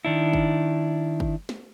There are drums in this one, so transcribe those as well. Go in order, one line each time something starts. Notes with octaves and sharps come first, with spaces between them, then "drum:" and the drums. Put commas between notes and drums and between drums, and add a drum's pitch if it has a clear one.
D#3 D4 E4
drum: kick
drum: kick
drum: snare